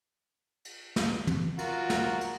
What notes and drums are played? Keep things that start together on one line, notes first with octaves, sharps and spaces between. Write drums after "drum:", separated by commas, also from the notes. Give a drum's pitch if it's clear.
drum: cymbal
drum: snare
drum: tom
F4 F#4 A#4, drum: cymbal
drum: snare
drum: cymbal